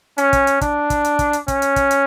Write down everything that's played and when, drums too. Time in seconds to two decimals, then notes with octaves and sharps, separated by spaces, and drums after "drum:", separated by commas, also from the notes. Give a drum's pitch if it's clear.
0.18 C#4, drum: hi-hat
0.33 drum: kick, hi-hat
0.47 drum: hi-hat
0.61 D4, drum: kick, hi-hat
0.90 drum: kick, hi-hat
1.04 drum: hi-hat
1.19 drum: kick, hi-hat
1.33 drum: hi-hat
1.48 C#4, drum: kick, hi-hat
1.62 drum: hi-hat
1.76 drum: kick, hi-hat
1.91 drum: hi-hat